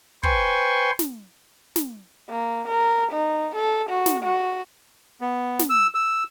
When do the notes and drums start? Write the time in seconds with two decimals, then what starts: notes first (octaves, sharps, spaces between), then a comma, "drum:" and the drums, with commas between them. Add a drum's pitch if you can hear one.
0.23 B4 C5 G5 G#5 C6 C#6, drum: kick
0.99 drum: snare
1.76 drum: snare
2.30 A#3
2.68 A#4
3.12 D#4
3.55 A4
3.90 F#4
4.06 drum: snare
4.23 F#4
5.21 B3
5.59 drum: snare
5.70 E6
5.95 E6